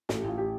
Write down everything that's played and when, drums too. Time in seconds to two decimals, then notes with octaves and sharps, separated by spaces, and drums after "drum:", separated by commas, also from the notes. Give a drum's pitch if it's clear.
0.09 A1 A4, drum: snare
0.19 G4
0.24 A1 F4
0.38 G4